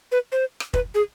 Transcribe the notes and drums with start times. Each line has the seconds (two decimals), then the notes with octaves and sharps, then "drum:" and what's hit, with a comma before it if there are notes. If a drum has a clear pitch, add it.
0.12 B4
0.32 C5
0.60 drum: rim click
0.74 B4, drum: kick
0.95 G#4